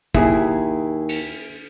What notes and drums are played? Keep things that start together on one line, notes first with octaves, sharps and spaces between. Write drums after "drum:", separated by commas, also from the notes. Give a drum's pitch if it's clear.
D#2 E4 G#4, drum: kick
drum: cymbal